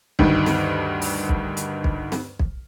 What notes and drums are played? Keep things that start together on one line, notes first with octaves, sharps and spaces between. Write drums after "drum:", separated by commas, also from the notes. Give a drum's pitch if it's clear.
D2 G2 D#3, drum: kick B1
drum: snare
drum: open hi-hat
drum: kick B1
drum: hi-hat
drum: kick B1
drum: snare
drum: kick B1